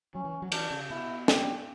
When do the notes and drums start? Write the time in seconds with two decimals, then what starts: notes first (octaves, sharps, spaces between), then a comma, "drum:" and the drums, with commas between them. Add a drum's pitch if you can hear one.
0.15 F#3 C#4
0.24 E3
0.42 F#3
0.52 E3 D4, drum: cymbal
0.71 C#3
0.90 B2 E4
1.28 G4, drum: snare